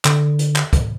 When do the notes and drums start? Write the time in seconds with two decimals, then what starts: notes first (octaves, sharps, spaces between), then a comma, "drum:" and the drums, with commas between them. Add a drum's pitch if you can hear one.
0.05 D3, drum: clap
0.39 drum: hi-hat
0.56 drum: clap
0.73 drum: kick, hi-hat